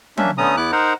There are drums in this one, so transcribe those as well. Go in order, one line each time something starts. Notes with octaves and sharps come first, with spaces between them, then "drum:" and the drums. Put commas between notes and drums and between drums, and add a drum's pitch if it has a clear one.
A#3 C#4 D4 E5, drum: tom F#3
D3 A3 B3 C#4 A#5 D#6
E2 B3 E4 D6 F#6
D#4 A#4 C5 F#5 A#5